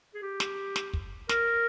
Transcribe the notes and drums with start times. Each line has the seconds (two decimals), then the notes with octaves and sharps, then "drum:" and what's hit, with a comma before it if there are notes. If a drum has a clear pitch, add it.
0.14 G#4
0.22 G4
0.40 drum: snare
0.76 drum: snare
0.93 drum: kick
1.29 A#4, drum: snare